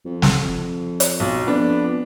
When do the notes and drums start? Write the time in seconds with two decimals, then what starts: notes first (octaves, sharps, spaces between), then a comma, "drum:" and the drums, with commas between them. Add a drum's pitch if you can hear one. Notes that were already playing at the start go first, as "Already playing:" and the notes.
0.05 F2
0.22 drum: snare
1.00 drum: hi-hat
1.20 B1
1.47 F2 B3 D4